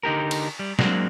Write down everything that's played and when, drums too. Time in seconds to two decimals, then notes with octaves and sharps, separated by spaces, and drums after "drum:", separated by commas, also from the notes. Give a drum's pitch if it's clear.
0.03 D3 D#4 G4 A#4
0.31 drum: cymbal
0.59 G3
0.79 F#3 G#3 A#3 C4 D4 F#4, drum: snare